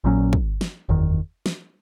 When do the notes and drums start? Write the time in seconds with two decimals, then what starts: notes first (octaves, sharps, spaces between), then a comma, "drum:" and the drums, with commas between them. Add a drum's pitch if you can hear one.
0.04 A#1 A#2 F#3 C#4
0.33 drum: kick
0.61 drum: snare
0.89 F#1 E2 D#3
1.46 drum: snare